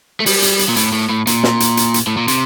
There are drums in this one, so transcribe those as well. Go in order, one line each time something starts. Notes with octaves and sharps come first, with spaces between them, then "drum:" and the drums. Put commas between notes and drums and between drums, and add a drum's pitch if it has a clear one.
A3
G3, drum: open hi-hat
drum: hi-hat
drum: hi-hat
A#2
A2, drum: hi-hat
A2
A2
A#2, drum: hi-hat
drum: snare
drum: hi-hat
drum: hi-hat
drum: hi-hat
A2
A#2
C3, drum: hi-hat